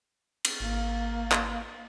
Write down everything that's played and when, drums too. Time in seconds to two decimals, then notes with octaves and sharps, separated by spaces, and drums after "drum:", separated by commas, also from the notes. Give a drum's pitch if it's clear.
0.45 drum: cymbal
0.60 G#1 A#3
1.32 drum: clap